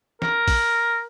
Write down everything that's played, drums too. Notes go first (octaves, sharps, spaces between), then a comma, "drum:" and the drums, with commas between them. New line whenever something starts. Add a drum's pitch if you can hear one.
A#4, drum: snare
drum: kick, open hi-hat